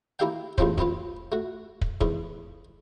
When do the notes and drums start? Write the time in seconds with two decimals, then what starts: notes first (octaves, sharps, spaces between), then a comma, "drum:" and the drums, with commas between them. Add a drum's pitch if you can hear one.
0.19 A#3 E4 G4 E5 F5 G5
0.58 A1 E2 F3 C4 C5, drum: kick
0.78 F#2 B3 C4 F4, drum: kick
1.32 A3 F#4
1.81 drum: kick
2.01 E2 G#2, drum: kick